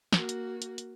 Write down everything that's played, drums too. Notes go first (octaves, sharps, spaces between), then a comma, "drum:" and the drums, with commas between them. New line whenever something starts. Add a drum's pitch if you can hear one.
A#3 F#4, drum: snare
drum: hi-hat
drum: hi-hat
drum: hi-hat